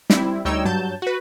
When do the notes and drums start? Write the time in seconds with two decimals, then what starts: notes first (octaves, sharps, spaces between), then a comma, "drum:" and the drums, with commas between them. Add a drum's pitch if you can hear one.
0.10 G3 C4 E4, drum: snare
0.45 D2 G3 D#4 C#5 G5 E6
0.65 G2 F#3 A5 G6
1.02 F#4 B4